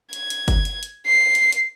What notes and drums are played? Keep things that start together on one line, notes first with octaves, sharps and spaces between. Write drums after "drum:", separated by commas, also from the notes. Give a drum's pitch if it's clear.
G#6, drum: hi-hat
drum: hi-hat
drum: kick G1, hi-hat
drum: hi-hat
drum: hi-hat
C7
drum: hi-hat
drum: hi-hat